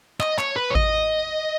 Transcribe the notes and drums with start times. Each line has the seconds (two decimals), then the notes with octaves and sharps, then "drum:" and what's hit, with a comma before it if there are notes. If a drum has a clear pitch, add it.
0.20 D#5, drum: clap
0.39 C#5, drum: clap
0.56 B4
0.70 C#5
0.75 D#5, drum: kick G#1